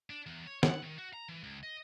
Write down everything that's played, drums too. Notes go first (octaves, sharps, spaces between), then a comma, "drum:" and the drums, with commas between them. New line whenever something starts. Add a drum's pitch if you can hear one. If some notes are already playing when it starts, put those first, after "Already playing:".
D4
E2
C#5
F#5, drum: snare
D#3
F#4
A#5
E3
C#2
D#5